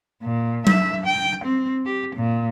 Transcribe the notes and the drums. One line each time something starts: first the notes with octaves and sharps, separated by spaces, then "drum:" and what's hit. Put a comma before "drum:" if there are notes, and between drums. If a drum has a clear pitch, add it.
A#2
E5, drum: tom F#3
G5
C4
G4
A#2